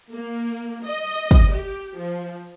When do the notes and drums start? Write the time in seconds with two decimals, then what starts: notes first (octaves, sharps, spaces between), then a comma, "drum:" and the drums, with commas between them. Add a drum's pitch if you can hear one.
0.12 A#3
0.84 D#5
1.31 drum: kick
1.52 G4
1.97 F3